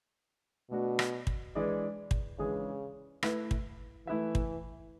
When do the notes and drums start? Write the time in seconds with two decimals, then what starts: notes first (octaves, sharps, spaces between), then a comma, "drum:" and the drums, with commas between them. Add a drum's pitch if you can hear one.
0.70 B2 A3 D4 F#4
0.99 drum: rim click
1.27 drum: kick
1.55 E3 G#3 D4 G#4 D5
2.11 drum: kick
2.38 C#3 E3 G#3 D4 G#4 D5
3.23 A3 E4 B4 E5, drum: rim click
3.51 drum: kick
4.07 E3 A3 E4 B4 E5
4.35 drum: kick